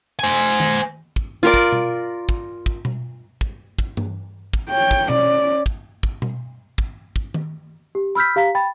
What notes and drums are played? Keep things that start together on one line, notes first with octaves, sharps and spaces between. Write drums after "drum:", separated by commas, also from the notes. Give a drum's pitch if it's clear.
C5 G#5
drum: tom D#3
drum: kick
F4 A#4 D5
drum: kick
drum: tom B2
drum: kick
drum: kick
drum: tom B2
drum: kick
drum: kick
drum: tom G2
drum: kick
C#5 G5
drum: kick
C#4 D5, drum: tom B2
drum: kick
drum: kick
drum: tom B2
drum: kick
drum: kick
drum: tom D#3
G4
B5 E6 F6 G6 B6
G4 F5 A#5 B6
G5 B5 A6